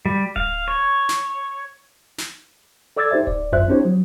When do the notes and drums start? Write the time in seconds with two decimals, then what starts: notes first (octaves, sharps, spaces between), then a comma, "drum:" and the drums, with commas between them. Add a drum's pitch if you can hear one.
0.06 G3
0.36 F5, drum: kick D1
0.68 C#5
1.09 drum: snare
2.18 drum: snare
2.97 A4 D5 D6 E6 G#6 A6
3.11 D#4 G4 C5 E5
3.27 D5, drum: kick D1
3.52 G#1 F#2 F4 C5 E5 F#6
3.68 C4 D4 E4 G4 C5 C#5
3.85 F#3